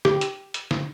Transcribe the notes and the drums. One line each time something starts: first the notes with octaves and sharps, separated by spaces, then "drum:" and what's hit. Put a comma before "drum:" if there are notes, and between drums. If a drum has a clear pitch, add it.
G4, drum: snare
drum: hi-hat
drum: hi-hat
drum: snare